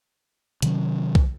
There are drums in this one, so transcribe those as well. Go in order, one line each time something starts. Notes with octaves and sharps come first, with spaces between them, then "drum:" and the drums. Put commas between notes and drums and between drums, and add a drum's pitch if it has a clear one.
C3 D#3 F#3 C#4, drum: hi-hat
drum: kick B1